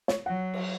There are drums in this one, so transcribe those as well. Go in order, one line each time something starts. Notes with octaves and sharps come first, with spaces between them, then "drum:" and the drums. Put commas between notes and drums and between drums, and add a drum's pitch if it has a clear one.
C#5, drum: snare
F#3 F#5
drum: cymbal